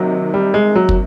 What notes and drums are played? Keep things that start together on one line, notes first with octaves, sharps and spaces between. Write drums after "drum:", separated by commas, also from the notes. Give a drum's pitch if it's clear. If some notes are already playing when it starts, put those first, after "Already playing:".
Already playing: C3 D#3 F#3 A#3 D#4
G3
G#3
F#3
drum: kick